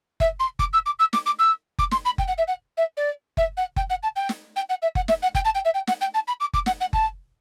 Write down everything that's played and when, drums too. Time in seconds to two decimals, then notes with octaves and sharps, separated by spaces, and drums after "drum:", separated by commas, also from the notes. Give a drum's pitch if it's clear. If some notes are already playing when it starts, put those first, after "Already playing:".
0.20 E5, drum: kick F#1
0.39 C6
0.59 D6, drum: kick F#1
0.73 E6
0.86 D6
0.99 E6
1.13 D6, drum: snare
1.26 D6
1.39 E6
1.79 D6, drum: kick F#1
1.91 C6, drum: snare
2.05 B5
2.18 G5, drum: kick F#1
2.27 F#5
2.38 E5
2.47 F#5
2.77 E5
2.97 D5
3.37 E5, drum: kick F#1
3.57 F#5
3.76 G5, drum: kick F#1
3.89 F#5
4.03 A5
4.16 G5
4.29 drum: snare
4.56 G5
4.69 F#5
4.82 E5
4.95 F#5, drum: kick F#1
5.08 E5, drum: snare
5.22 F#5
5.35 G5, drum: kick F#1
5.44 A5
5.54 G5
5.65 E5
5.74 G5
5.87 F#5, drum: snare
6.01 G5
6.14 A5
6.27 B5
6.40 D6
6.54 D6, drum: kick F#1
6.66 F#5, drum: snare
6.80 F#5
6.93 A5, drum: kick F#1